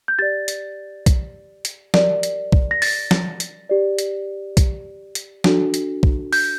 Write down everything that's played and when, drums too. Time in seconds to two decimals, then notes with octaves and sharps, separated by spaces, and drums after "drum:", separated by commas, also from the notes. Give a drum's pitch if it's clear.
0.08 G6
0.19 G4 D5 A6
0.48 drum: hi-hat
1.06 drum: kick B1, hi-hat
1.65 drum: hi-hat
1.94 G4 A#4 D5, drum: snare
2.23 drum: hi-hat
2.52 drum: kick B1
2.71 A#6
2.82 A6, drum: open hi-hat
3.11 drum: snare
3.40 drum: hi-hat
3.69 G4 D5
3.99 drum: hi-hat
4.57 drum: kick B1, hi-hat
5.15 drum: hi-hat
5.44 D4 F#4 A4, drum: snare
5.74 drum: hi-hat
6.03 drum: kick B1
6.33 G6, drum: open hi-hat